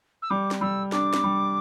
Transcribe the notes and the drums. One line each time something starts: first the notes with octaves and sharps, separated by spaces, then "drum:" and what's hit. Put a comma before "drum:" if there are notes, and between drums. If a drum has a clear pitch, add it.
E6
G3 D6
drum: snare
G3 E6
D4 D6, drum: snare
drum: snare
G3